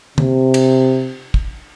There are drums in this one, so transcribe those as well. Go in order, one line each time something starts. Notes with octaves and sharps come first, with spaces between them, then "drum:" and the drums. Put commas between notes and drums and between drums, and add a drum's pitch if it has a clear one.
C3, drum: tom
drum: cymbal
drum: kick